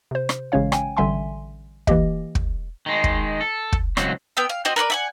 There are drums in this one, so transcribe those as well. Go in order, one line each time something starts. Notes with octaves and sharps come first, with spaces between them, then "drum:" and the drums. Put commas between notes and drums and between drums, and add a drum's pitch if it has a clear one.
C3 C5
drum: rim click
A1 C#3 G#3 C#4 C#5 F5
G5 G#5, drum: rim click
A1 D3 G3 E5 G#5 C6
E3 A#3 G4 D#5, drum: kick
drum: kick
D#3 G#3
drum: kick
A4
drum: kick
C#2 F#3 C4, drum: rim click
B3 G5 E6
F5
C4 F#4 G4 D#5
A#4 B4 C#5 D5
E5 F#5 G#5